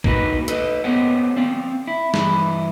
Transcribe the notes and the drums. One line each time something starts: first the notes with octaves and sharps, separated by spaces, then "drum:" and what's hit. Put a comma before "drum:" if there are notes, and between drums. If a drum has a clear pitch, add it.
A#3 D#4 F#4 B4, drum: kick A#1
A4 B4 D#5, drum: hi-hat
A#3 B3 G4 C5 C#5 F#5
C4 D5 F5
E4
G2 E3 E4 A#5 B5, drum: snare